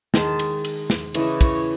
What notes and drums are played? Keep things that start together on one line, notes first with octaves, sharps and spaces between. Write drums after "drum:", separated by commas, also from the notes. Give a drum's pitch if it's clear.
D#3 G#3 A5, drum: snare
drum: cymbal
drum: cymbal
drum: snare
C#3 E3 A3 D#5, drum: cymbal
C#5, drum: kick, cymbal